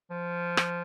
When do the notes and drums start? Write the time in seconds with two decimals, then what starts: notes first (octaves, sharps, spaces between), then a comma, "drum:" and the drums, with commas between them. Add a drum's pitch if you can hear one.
0.11 F3
0.57 drum: rim click